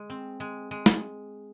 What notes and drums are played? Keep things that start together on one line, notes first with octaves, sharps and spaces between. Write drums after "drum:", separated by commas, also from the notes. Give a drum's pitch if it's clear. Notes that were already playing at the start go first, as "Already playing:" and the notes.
Already playing: G#3
C4
G#3
G#3
drum: snare